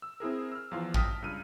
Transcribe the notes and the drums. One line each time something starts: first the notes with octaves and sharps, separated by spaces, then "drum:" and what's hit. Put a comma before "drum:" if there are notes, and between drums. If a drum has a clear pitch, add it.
E6
C4 E4 G#4 A#4
E6 F6
E2 F3 F5 C6
G5 A5 D#6 F6 A#6 B6, drum: kick
C#2 G2 F6 D#7